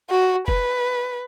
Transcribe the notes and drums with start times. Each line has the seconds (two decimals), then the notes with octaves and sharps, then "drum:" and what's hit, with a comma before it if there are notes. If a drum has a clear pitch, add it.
0.10 F#4
0.48 B4, drum: kick F1